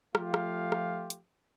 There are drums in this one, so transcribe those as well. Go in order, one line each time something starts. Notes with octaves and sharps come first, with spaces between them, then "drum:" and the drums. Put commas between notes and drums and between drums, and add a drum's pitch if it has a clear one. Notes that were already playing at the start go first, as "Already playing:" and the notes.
F3 A3 F4 G4 F5, drum: rim click
drum: rim click
drum: rim click
drum: hi-hat